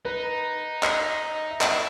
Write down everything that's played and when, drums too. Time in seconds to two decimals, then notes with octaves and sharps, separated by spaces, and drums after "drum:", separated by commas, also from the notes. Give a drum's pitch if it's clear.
0.05 D#4 B4
0.83 D#5, drum: clap
1.51 E5
1.61 E4 D#5, drum: clap